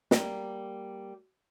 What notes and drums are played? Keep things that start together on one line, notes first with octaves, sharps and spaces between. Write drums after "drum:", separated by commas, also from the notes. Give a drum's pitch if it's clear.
G3 A#3, drum: snare